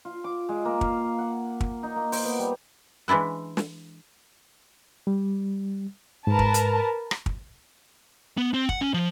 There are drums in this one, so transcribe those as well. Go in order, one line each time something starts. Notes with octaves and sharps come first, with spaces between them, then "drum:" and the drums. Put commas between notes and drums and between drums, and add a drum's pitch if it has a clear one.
F4
D6
G#3
A#3
F5, drum: kick
F#5
drum: kick
D#4
A#3
C5, drum: open hi-hat
B3
G3
E3 G#3 D4 E4 F#5
drum: snare
G3
G#2 A#4 B4 A5
drum: kick
drum: hi-hat
drum: rim click
drum: kick
B3
C4
F#5, drum: kick
C#4
F3